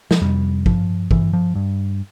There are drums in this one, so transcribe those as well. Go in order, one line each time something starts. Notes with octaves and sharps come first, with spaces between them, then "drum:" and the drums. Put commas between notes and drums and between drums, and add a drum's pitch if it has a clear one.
F3, drum: snare
F2 C3 G3
G2 F3, drum: kick
G2 E3, drum: kick
F3
G2